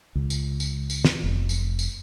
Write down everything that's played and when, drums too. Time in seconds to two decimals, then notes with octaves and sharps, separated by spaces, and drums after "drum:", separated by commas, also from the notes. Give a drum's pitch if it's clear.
0.15 C#2
0.30 drum: tambourine
0.60 drum: tambourine
0.90 drum: tambourine
1.05 drum: snare
1.24 F1
1.49 drum: tambourine
1.79 drum: tambourine